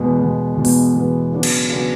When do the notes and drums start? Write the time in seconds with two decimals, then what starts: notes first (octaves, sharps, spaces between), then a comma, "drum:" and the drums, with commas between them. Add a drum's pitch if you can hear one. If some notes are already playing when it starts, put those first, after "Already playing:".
Already playing: E2 B2 G#3 B3
0.18 E2 B2 G#3 B3
0.55 E2 B2 G#3 B3
0.65 drum: open hi-hat
0.94 E2 B2 G#3 B3
1.32 C#3 F#3 B3 D4 F#4
1.43 drum: cymbal
1.69 C#3 F#3 B3 D4 F#4